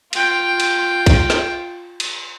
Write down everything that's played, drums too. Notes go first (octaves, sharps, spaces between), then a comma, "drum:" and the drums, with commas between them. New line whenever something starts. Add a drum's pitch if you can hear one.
F4 G5, drum: cymbal
drum: cymbal
drum: kick B1, cymbal
drum: snare
drum: cymbal